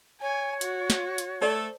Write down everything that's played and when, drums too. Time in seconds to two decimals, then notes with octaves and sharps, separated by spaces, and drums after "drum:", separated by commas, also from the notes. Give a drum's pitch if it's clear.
0.22 C#5 G#5
0.61 F#4, drum: hi-hat
0.90 drum: snare
1.18 drum: hi-hat
1.41 A3 A4 C5 D5 A5